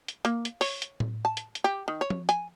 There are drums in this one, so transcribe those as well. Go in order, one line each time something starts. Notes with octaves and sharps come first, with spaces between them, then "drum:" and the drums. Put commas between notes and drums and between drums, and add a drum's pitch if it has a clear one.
drum: hi-hat
A#3, drum: hi-hat
drum: hi-hat
C#5, drum: open hi-hat
drum: hi-hat
drum: tom A2
A5
drum: hi-hat
drum: hi-hat
G4
D#3
C#5
drum: tom
G#5, drum: hi-hat